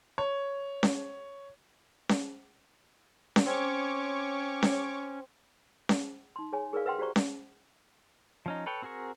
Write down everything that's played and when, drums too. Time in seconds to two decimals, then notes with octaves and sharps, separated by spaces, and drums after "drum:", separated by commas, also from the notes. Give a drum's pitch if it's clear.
0.18 C#5
0.83 drum: snare C#4
2.09 drum: snare C#4
3.36 drum: snare C#4
3.45 C4 C#4 C#5 C#6 D6
4.63 drum: snare C#4
5.89 drum: snare C#4
6.36 D#4 C6
6.52 G#4 C#5 G#5
6.73 G#4 A#4 B4 D5 F5
6.85 A#4 B4 E5 F#5 G5 C6
6.99 F#4 G4 C5 D5 A#5 C#6
7.16 drum: snare C#4
8.46 F3 C#4 D#4
8.66 A4 B4 C#5 G5
8.82 C4 F#4 G#4 A#4 C#6